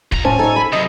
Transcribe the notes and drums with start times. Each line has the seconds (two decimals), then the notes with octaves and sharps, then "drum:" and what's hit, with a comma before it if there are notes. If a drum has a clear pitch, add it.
0.12 F2 A#5, drum: kick
0.25 A2 C#4 C5 G#5 A5
0.39 D#4 A4 C#5
0.56 A4 B5
0.73 C3 F#3 D#5